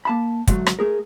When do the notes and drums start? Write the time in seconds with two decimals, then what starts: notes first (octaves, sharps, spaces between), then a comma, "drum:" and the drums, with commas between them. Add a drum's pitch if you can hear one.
0.05 A#3 A5 B5
0.47 D2 G#2 F#3 A3, drum: kick, hi-hat
0.66 drum: rim click
0.79 A3 G#4 A#4